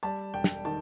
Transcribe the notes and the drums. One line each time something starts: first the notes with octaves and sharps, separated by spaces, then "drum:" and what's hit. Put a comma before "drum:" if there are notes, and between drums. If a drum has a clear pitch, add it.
G3 A5
E1 G5
drum: snare
D#3 A5